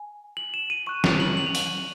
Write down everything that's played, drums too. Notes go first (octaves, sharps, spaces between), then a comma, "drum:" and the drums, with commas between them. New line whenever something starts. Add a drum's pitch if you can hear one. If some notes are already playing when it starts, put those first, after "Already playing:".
Already playing: G#5
F#7
E7
D#7
C#6 F#6 D#7
F7, drum: snare
F#7
F#7
F7
F#7, drum: open hi-hat